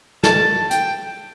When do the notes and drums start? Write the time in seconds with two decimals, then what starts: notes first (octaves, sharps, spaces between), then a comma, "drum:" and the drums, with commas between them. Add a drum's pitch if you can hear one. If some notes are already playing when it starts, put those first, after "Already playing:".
0.24 A5, drum: snare
0.71 G5, drum: hi-hat